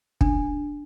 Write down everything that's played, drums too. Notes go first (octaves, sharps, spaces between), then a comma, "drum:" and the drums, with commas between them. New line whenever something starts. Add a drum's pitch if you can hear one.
D4, drum: kick